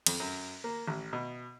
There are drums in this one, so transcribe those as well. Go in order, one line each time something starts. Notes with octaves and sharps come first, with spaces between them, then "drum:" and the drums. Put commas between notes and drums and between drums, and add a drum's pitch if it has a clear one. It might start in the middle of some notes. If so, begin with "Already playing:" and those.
F2, drum: cymbal
F#2
A#3
A1
B2